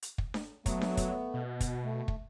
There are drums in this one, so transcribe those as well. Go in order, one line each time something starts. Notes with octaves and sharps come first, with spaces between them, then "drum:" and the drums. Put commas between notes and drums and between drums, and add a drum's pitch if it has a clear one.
drum: hi-hat
drum: kick
drum: snare D4
F#3 A3 B3, drum: kick, hi-hat
drum: snare D4
drum: kick, hi-hat
B2
drum: kick, hi-hat
A3
drum: kick